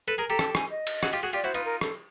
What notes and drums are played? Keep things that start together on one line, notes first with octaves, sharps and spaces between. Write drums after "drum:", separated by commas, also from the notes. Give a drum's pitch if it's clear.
A4 B4
G#4 A#4 A#5
G4 A4 A#5
A5, drum: rim click
G#5, drum: rim click
D#5
drum: cymbal
F#4 G#4, drum: rim click
F4 G4
F#4 G#4
F4 G4 D5
E4 F#4 C5
D#4 F4 B4
A#4
A4, drum: rim click